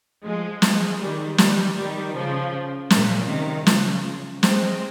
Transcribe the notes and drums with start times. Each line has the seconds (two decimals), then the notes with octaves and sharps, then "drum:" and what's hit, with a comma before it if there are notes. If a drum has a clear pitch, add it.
0.24 F3 G#3
0.62 F3 G#3, drum: snare
1.00 D#3 G3
1.38 D#3 G3, drum: snare
1.77 D#3 G3
2.14 C#3 F3
2.90 A#2 C#3, drum: snare
3.29 C3 D#3
3.67 C#3 F3, drum: snare
4.43 G#3 C4, drum: snare